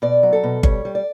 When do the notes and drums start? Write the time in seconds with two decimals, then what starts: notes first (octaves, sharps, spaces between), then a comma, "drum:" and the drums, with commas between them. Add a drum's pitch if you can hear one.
0.02 B2 D5
0.23 F#3
0.33 A4
0.43 B2
0.63 G3 C#5, drum: kick G1
0.85 G3
0.95 D5